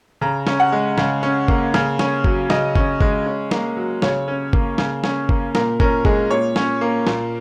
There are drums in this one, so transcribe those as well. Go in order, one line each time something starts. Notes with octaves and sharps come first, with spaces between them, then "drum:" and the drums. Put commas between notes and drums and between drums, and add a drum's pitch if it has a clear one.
C#3 A#5
C#4, drum: snare
F#5
G#3
C#3, drum: snare
C#4
A#3, drum: kick G1
C#3, drum: snare
C#4, drum: snare
F#3, drum: kick G1
C#3 D#5, drum: snare
C#4, drum: kick G1
G#3, drum: kick G1
C#4
A#3, drum: snare
F#3
C#3 C#5, drum: snare
C#4
A#3, drum: kick G1
C#3, drum: snare
C#4, drum: snare
A#3, drum: kick G1
A#2 A#4, drum: snare
C#4 A#4, drum: kick G1
G#3 G#4, drum: kick G1
A#2 C#5
C#4, drum: snare
A#3
A#2, drum: snare